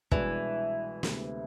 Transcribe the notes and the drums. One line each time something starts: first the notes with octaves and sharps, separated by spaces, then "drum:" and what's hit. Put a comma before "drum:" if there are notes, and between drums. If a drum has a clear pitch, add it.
C2 B2 E3 G#3 D4, drum: kick
D2 C3 G#3 B3, drum: snare